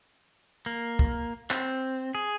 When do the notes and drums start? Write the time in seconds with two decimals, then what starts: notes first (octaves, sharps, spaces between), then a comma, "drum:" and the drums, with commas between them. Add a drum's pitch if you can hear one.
0.66 A#3
0.99 drum: kick
1.51 C4, drum: clap
2.15 G#4